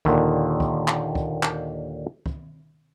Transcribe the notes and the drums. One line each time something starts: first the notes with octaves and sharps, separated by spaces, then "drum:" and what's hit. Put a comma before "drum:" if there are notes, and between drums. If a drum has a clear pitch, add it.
D#2 A#2 D3 D#3, drum: kick
drum: kick
drum: clap
drum: kick
drum: clap
drum: kick